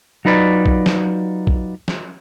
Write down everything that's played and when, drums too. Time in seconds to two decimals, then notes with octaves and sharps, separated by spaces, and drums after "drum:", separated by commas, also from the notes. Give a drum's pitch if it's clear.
0.25 F#3 D#4 F4 B4 D5
0.66 drum: kick
0.86 drum: snare
1.47 drum: kick
1.88 drum: snare